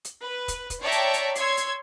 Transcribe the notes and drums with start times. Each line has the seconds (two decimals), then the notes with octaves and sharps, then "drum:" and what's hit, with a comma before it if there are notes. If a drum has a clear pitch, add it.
0.05 drum: hi-hat
0.20 B4
0.48 drum: kick, hi-hat
0.70 drum: kick, hi-hat
0.82 C#5 D5 E5 G5 A5 A#5
0.92 drum: hi-hat
1.14 drum: hi-hat
1.35 C#5 C6 E6 G#6 C7, drum: hi-hat
1.57 drum: hi-hat